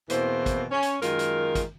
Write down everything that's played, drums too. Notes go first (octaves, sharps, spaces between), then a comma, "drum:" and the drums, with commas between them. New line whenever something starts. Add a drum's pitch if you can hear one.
E2 B2 E3 A#3 C4 C5, drum: hi-hat
drum: kick, hi-hat
C#4
drum: hi-hat
F#2 D#3 G#3 F4 A#4, drum: hi-hat
drum: hi-hat
drum: kick, hi-hat